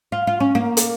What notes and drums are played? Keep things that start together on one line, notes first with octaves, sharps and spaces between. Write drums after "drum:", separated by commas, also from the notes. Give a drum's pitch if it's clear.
F4
F4
C#4
A#3
drum: hi-hat